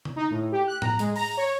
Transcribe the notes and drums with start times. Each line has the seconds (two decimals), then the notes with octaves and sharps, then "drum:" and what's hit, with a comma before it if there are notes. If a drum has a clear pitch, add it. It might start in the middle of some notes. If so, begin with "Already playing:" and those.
0.05 drum: tom D3
0.16 D#4
0.30 A2
0.52 G4
0.67 F#6
0.82 A#5, drum: tom A2
0.99 G#3, drum: hi-hat
1.16 A#5, drum: open hi-hat
1.37 C#5